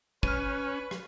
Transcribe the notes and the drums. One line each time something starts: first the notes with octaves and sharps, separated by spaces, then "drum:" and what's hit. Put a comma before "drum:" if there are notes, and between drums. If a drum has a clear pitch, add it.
C#4 B4 F6 D#7, drum: kick
drum: rim click